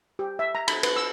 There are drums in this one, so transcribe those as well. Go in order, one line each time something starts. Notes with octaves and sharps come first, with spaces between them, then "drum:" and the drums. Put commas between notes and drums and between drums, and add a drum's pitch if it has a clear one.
G4
E5
A#5
B5, drum: cymbal
B4, drum: cymbal
E6